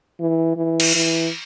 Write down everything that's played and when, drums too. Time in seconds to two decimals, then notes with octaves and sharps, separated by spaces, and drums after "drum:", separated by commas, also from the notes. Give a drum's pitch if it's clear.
0.20 E3
0.57 E3
0.80 drum: cymbal
0.95 E3